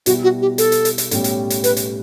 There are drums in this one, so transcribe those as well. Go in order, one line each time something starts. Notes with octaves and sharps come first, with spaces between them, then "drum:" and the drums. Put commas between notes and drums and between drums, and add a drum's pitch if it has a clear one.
B2 G3 B3 E4 F#4, drum: hi-hat
F#4
G4
A4, drum: hi-hat
drum: hi-hat
drum: hi-hat
drum: hi-hat
B1 A2 G3 C#4 G4, drum: hi-hat
drum: hi-hat
drum: hi-hat
B4, drum: hi-hat
drum: hi-hat